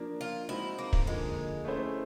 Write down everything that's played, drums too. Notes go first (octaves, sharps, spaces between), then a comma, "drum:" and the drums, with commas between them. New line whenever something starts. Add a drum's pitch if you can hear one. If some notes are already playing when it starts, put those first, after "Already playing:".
Already playing: F3 A#3 D4
F4
G#3 C4 D#4 E4 F#4
A#3
drum: kick
D3 F3 G#3 A#3
A3 C#4 E4 A4 C5